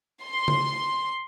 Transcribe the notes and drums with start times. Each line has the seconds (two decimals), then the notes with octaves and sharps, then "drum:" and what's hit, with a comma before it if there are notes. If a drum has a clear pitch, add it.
0.23 C6
0.48 drum: tom C#3